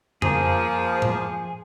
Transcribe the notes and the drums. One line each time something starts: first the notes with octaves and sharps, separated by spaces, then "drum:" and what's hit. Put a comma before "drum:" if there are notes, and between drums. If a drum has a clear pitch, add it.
F3 A#3 G#4, drum: tom F2
drum: tom A2